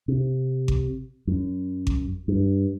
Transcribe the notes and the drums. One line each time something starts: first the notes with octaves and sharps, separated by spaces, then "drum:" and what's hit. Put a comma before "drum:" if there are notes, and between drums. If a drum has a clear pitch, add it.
C3
drum: kick G#1
F#2
drum: kick G#1
G2